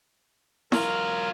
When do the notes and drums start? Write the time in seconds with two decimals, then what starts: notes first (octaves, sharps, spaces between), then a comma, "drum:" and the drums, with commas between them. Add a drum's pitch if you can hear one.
0.72 F#3 F4 A#4, drum: snare E4